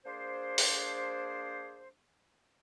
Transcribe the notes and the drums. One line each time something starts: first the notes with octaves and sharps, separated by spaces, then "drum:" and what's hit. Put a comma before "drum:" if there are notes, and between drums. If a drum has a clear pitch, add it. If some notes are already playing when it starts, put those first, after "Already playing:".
A#3 D4 G#4 C5
drum: open hi-hat